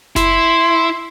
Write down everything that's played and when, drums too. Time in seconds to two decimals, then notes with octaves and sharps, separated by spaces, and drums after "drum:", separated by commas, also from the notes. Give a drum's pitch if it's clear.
0.16 E4 C6, drum: snare F#1